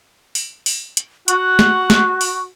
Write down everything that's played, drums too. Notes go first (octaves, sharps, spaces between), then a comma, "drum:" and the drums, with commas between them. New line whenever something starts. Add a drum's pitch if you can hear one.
drum: open hi-hat
drum: open hi-hat
drum: hi-hat
F#4 F#5 C#6, drum: hi-hat
drum: snare
drum: snare
drum: open hi-hat